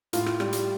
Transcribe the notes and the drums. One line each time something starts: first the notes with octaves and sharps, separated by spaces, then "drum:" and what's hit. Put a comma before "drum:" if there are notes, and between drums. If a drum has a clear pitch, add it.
A2 F4, drum: hi-hat
drum: rim click
G3, drum: rim click
drum: hi-hat